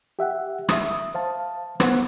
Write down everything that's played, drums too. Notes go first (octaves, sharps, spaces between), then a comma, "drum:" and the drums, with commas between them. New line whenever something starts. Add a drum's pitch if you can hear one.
G4 E5 F#5
E5 D#6, drum: rim click
C5 F5 A5
B3 C5 F#5, drum: rim click